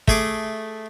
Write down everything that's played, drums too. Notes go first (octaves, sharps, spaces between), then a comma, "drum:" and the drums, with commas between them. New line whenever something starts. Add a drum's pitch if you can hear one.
A3 G#4 D6, drum: kick